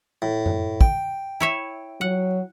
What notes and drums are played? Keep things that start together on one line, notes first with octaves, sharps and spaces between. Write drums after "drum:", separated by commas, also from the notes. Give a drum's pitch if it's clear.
A2
drum: tom F#2
G5, drum: kick
E4 C#5 E5
F#3 F#5